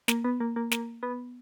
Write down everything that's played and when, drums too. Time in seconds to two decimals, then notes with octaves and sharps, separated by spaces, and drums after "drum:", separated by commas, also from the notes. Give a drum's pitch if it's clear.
0.08 A#3, drum: snare
0.24 B3
0.40 A#3
0.56 A#3
0.71 A#3, drum: snare
1.03 B3